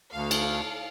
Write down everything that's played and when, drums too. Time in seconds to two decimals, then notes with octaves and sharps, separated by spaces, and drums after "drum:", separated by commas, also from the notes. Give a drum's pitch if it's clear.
0.14 D2 A4 F5
0.31 drum: cymbal